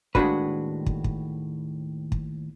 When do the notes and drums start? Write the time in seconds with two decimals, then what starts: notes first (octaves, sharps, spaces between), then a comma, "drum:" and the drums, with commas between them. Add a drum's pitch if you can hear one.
0.15 D#2 A2 G#3 D4 F#4 B4, drum: kick
0.86 drum: kick
1.04 drum: kick
2.12 drum: kick